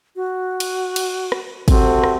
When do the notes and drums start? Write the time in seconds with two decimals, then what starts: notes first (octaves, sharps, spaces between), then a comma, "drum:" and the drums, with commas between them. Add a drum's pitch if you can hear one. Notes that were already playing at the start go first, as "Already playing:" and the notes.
0.16 F#4
0.60 drum: cymbal
0.96 drum: cymbal
1.32 drum: rim click
1.68 C3 C4 F#4 A4, drum: kick, cymbal
2.04 drum: rim click